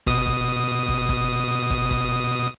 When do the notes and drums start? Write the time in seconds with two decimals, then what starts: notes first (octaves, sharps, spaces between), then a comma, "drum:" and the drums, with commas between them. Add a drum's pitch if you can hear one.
0.06 B2 D#6, drum: kick, hi-hat
0.27 drum: kick, hi-hat
0.68 drum: hi-hat
0.88 drum: kick
1.09 drum: kick, hi-hat
1.50 drum: hi-hat
1.70 drum: kick, hi-hat
1.91 drum: kick, hi-hat
2.32 drum: hi-hat